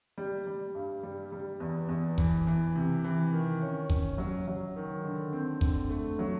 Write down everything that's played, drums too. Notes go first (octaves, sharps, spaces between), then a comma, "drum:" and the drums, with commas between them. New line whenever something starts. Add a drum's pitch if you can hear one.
G3
G3
G2
G3
G3
E2
E2
E3, drum: kick
E3
C3
E3
D#3
C#4
C#4, drum: kick
F#3
F#3
D#3
D3
C4
D3, drum: kick
A3
F#3